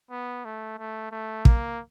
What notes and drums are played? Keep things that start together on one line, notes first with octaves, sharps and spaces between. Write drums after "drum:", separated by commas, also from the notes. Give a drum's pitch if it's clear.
B3
A3
A3
A3
A#3, drum: kick